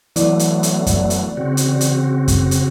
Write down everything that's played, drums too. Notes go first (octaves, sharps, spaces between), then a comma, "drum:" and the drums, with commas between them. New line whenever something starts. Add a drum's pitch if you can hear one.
E3 F#3 A3 B3 D5, drum: hi-hat
drum: hi-hat
drum: hi-hat
drum: kick F#2, hi-hat
drum: hi-hat
C#3 C4 F#4
drum: hi-hat
drum: hi-hat
drum: kick F#2, hi-hat
drum: hi-hat